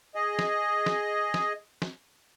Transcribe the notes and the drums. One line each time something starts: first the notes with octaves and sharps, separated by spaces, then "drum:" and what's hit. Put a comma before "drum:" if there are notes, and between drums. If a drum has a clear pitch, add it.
G#4 D#5
drum: snare
drum: snare
drum: snare
drum: snare